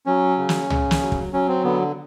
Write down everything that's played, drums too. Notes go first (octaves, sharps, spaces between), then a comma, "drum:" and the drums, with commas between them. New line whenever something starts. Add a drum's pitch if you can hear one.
F#3 C#4
C#3
drum: snare
C#3, drum: tom
drum: snare
F#3
drum: kick
F#3 C#4
C4
D3 B3